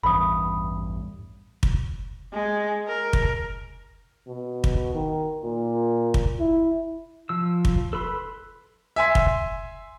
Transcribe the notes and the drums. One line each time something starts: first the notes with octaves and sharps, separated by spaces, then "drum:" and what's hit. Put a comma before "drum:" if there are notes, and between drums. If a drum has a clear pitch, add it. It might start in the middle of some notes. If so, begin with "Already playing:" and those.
A1 E2 G2 B5 D#6
drum: kick
G#3
A#4
drum: kick
B2
drum: kick
D#3
A#2
drum: kick
E4
F3 E6
drum: kick
A4 B4 B5 C6
E5 G#5 C6
drum: kick